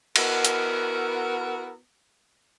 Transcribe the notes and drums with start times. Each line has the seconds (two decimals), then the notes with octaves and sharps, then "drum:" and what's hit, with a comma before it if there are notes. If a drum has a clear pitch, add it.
0.16 B3 E4 F#4 A#4, drum: cymbal
0.45 drum: hi-hat